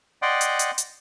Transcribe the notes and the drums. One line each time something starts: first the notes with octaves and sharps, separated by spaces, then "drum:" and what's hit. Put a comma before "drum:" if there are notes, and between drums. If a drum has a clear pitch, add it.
D5 D#5 F#5 G5 C6
drum: hi-hat
drum: hi-hat
drum: hi-hat